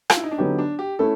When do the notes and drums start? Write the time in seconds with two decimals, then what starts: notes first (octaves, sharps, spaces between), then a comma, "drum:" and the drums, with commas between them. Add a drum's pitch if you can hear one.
0.10 F4, drum: rim click
0.17 E4
0.24 D#4
0.31 D4
0.38 D3 F#3 B3 C#4 D#4 G4
0.58 D4
0.79 G4
0.99 A3 C#4 E4 A4